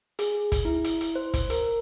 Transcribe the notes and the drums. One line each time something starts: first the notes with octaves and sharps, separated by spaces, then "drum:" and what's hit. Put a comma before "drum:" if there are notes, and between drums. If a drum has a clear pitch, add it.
G#4, drum: hi-hat
drum: kick, hi-hat
E4
drum: hi-hat
drum: hi-hat
C5
drum: kick, hi-hat
A#4, drum: hi-hat